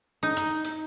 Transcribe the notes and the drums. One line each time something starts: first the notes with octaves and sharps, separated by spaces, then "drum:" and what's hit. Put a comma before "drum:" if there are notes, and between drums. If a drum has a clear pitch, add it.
D#4
drum: rim click
drum: hi-hat